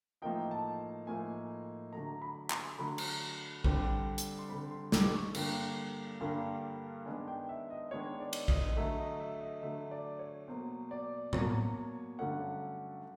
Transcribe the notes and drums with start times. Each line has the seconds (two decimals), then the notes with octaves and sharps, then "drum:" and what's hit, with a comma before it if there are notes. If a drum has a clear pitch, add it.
0.22 A2 F3 A#3 D#4 G5
0.51 A5
1.07 A2 F3 A#3 D#4 G#5
1.93 D3 F#3 A3 A#5
2.22 B5
2.50 C6, drum: clap
2.78 D3 F#3 A3 B5
2.98 drum: cymbal
3.64 D3 G3 C4, drum: kick A#1
4.18 drum: hi-hat
4.39 C6
4.49 D3 G3 C4 B5
4.71 C6
4.92 D6, drum: snare
5.14 C#6
5.35 G2 D3 G3 A#3, drum: cymbal
6.21 G2 D3 G3 A#3
7.06 D#3 G#3 B3 D4 G#5
7.28 G5
7.49 E5
7.70 D#5
7.91 D#3 G#3 B3 D4 C#5
8.20 D5
8.33 drum: cymbal
8.48 D#5, drum: kick A#1
8.76 D3 F#3 A3 E5
8.98 D#5
9.20 E5
9.41 D#5
9.62 D3 F#3 A3 E5
9.91 D5
10.19 C#5
10.48 B2 F#3 A#3 C5
10.91 D5
11.33 B2 F#3 A#3 C#5, drum: tom A2
12.19 G2 D3 F#3 A3 C#4 F#5